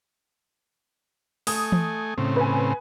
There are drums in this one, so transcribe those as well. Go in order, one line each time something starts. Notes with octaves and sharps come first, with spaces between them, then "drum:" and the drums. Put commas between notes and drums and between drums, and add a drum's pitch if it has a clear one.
A3 G#5 D#6, drum: open hi-hat
drum: tom E3
A2 C#3 C4
B4 G#5